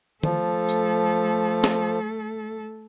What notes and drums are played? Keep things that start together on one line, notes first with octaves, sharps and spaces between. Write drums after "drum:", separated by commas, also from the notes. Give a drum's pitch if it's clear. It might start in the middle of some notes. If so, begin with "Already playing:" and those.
F3 A3 A4, drum: tom D#3
drum: tambourine
drum: snare